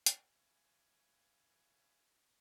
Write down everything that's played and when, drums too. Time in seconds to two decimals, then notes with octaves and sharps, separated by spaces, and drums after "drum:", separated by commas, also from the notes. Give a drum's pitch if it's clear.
0.06 drum: hi-hat
0.18 B4 C#5 E5 F5 G#5